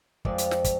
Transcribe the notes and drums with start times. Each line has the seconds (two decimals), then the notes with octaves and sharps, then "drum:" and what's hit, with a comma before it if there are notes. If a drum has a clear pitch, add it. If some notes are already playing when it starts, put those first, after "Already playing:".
0.25 F2 F3 G#3 D5, drum: kick
0.38 drum: hi-hat
0.51 drum: snare
0.64 drum: kick, hi-hat